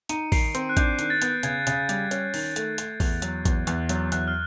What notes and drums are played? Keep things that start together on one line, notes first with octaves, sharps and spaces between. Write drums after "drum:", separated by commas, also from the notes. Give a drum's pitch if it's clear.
D#4 C#7 D#7, drum: hi-hat
D#3 C7 D7, drum: kick, open hi-hat
C4, drum: hi-hat
F#6
D4 G6, drum: kick, hi-hat
D#3, drum: hi-hat
A6
B3, drum: hi-hat
C#3 G#6, drum: hi-hat
C#3, drum: hi-hat
G3, drum: hi-hat
C#4, drum: hi-hat
D#3, drum: open hi-hat
A3, drum: hi-hat
A3, drum: hi-hat
E2, drum: kick, open hi-hat
F#3, drum: hi-hat
E2, drum: kick, hi-hat
E2, drum: hi-hat
F#3, drum: hi-hat
E2 F#6, drum: hi-hat
F6